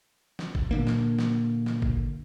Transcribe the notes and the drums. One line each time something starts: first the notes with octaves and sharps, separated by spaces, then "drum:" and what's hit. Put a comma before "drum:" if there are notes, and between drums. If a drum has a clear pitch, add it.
drum: snare
drum: kick
A#2 D3 A#3
drum: snare
drum: snare
drum: snare
drum: kick